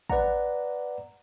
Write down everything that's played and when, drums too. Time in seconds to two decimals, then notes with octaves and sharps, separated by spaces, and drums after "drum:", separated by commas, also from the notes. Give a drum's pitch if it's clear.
0.10 B4 D5 F#5 A#5, drum: kick A1